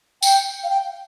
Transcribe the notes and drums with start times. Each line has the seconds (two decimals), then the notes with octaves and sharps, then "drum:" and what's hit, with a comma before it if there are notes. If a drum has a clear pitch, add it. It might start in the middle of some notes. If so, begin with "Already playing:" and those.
0.22 G5, drum: tambourine
0.63 F5
0.70 G5